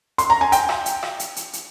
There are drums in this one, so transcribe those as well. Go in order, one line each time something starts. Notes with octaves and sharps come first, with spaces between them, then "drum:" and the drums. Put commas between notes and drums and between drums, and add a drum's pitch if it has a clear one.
C6, drum: hi-hat
A#5
G#5
G5, drum: hi-hat
drum: rim click
drum: hi-hat
drum: rim click
drum: hi-hat
drum: hi-hat
drum: hi-hat